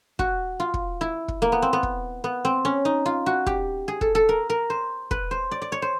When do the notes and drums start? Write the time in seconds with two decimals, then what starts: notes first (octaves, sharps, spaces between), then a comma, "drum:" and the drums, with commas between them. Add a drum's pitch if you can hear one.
0.19 F#4, drum: kick
0.60 F4
0.74 drum: kick
1.01 E4
1.28 drum: kick
1.42 A#3
1.52 B3
1.62 C4
1.73 B3
1.83 drum: kick
2.24 B3
2.45 C4
2.65 C#4
2.85 D#4
3.06 F4
3.26 F#4
3.46 G4, drum: kick
3.88 G#4
4.01 A4, drum: kick
4.15 A4
4.29 A#4
4.50 A#4
4.70 C5
5.11 B4, drum: kick
5.31 C5
5.51 D5
5.62 D5
5.72 C#5
5.82 C5